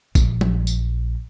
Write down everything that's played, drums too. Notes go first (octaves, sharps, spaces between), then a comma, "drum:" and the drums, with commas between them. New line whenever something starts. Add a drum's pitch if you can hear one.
A#1, drum: kick A1, tambourine
drum: tom F3
drum: tambourine